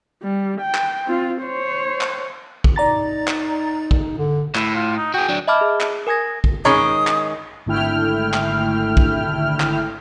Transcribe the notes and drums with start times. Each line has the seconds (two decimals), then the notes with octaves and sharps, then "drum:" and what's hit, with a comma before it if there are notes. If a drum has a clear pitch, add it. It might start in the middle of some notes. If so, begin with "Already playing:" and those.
0.23 G3
0.61 G5
0.75 drum: clap
1.06 C4 F4
1.42 C5 C#5
2.01 drum: clap
2.64 drum: kick
2.76 D#4 D5 A#5 A6
3.28 drum: clap
3.91 drum: kick
4.18 D3
4.55 A2 E4, drum: clap
4.75 F4
4.97 D#4
5.14 F#4 G#4 G5
5.29 F#3 D4
5.48 D#5 E5 A5 B5 D6 F6
5.61 G#4
5.81 drum: clap
6.07 A#4 G#5 D#6 G#6 A#6
6.44 drum: kick
6.65 D#3 G#3 C#4 D#4 C#5 B5 D#6
7.07 drum: clap
7.66 G#1 D3 A3 E4 G5 F6
8.34 drum: clap
8.97 drum: kick
9.60 drum: clap